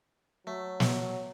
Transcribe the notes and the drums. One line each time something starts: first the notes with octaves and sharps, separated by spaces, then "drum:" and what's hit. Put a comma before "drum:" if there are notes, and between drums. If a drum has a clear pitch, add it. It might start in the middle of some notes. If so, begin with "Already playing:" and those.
F#3 A3
drum: snare